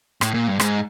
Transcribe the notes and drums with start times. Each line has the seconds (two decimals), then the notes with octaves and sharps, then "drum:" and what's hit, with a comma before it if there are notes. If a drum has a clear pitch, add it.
0.21 A2, drum: rim click
0.34 A#2
0.48 G2
0.60 G#2, drum: rim click